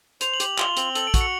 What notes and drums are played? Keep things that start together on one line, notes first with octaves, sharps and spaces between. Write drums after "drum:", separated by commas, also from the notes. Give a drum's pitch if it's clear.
C5 F7, drum: hi-hat
F#7
G4, drum: hi-hat
F#7
F4 G7, drum: clap
C4 F#7, drum: hi-hat
A4 F#7, drum: hi-hat
D7
F#4, drum: kick, hi-hat
C#7